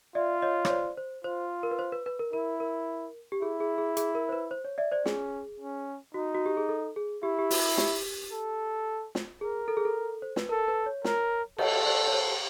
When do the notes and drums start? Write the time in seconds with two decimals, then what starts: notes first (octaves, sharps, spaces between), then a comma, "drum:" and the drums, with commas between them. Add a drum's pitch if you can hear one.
0.15 F4 D5 E5
0.42 C#5 D#5
0.65 C#5, drum: rim click
0.70 C5 D5
0.97 C5
1.24 F4 C5
1.63 A#4
1.71 B4
1.79 C5
1.92 B4
2.06 B4
2.19 A#4
2.33 E4 A#4
2.60 A#4
3.32 G4
3.42 E4 G#4
3.60 G#4
3.78 G#4
3.97 G#4, drum: hi-hat
4.15 A#4
4.29 C5
4.32 B4
4.51 C5
4.65 C#5
4.78 D5 E5
4.92 C5 D5
5.06 C#4 G#4, drum: snare
5.60 C#4
6.14 D#4 F#4
6.35 F#4
6.46 G4
6.57 G#4
6.69 A4
6.96 G#4
7.23 E4 G4
7.39 G4
7.51 F#4, drum: open hi-hat
7.78 G4, drum: snare
8.32 A4
9.15 drum: snare
9.41 G#4 A#4
9.68 A4
9.77 G#4
9.85 A4
10.22 C5
10.36 B4, drum: snare
10.49 A4 A#4
10.68 B4
10.86 C#5
11.04 A#4, drum: snare
11.58 A4 C#5 D#5, drum: cymbal
11.85 C5 D5
12.07 C#5
12.13 C5